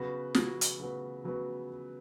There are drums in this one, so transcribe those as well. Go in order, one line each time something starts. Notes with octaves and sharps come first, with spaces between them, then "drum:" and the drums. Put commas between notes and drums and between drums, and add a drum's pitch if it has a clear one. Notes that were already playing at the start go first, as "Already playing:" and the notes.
Already playing: C#3 F#3 B3 F#4 B4
C#3 F#3 B3 F#4 B4, drum: snare
drum: hi-hat
C#3 F#3 B3 F#4 B4
C#3 F#3 B3 F#4 B4